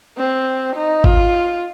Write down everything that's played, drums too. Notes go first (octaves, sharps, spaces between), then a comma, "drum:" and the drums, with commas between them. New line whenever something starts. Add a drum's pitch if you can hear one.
C4
D#4
F4, drum: kick G#1